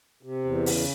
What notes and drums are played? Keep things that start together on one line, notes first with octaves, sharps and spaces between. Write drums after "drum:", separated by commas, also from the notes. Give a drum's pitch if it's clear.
C3
E2
C#3, drum: open hi-hat